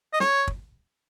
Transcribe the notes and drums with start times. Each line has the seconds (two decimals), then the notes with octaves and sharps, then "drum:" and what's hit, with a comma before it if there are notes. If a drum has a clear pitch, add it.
0.13 D#5
0.20 C#5, drum: snare
0.48 drum: kick